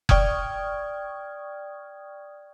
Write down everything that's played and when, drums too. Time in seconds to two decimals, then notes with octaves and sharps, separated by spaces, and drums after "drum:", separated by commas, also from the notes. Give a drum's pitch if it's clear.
0.09 D5 G5 C#6 D#6 F6 G#6, drum: kick F1